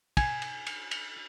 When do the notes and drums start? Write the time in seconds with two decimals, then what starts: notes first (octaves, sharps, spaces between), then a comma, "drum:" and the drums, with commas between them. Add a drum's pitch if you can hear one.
0.17 G#5, drum: kick, cymbal
0.42 drum: cymbal
0.66 drum: cymbal
0.91 drum: cymbal